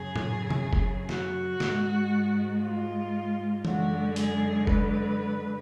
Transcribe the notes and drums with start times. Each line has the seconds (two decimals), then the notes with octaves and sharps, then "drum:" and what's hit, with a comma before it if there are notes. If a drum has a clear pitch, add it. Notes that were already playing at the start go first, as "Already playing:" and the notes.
Already playing: F#2 C#3 F#3 G#4
0.16 drum: tom A2
0.50 drum: tom C3
0.73 drum: kick
1.09 F#4, drum: snare
1.60 G#2 G#3, drum: snare
2.62 F4
3.65 F#2 D3 G#3 F#4, drum: tom E3
4.16 G#4, drum: hi-hat
4.67 B4, drum: kick